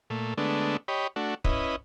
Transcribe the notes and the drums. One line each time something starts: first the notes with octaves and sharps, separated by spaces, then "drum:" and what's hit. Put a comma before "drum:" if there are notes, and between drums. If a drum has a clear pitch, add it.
A#2 A3
D3 G#3 A3 B3 D4
G4 C#5 D#5 B5
A3 D4 F#4
C#4 E4 B4 D#5, drum: kick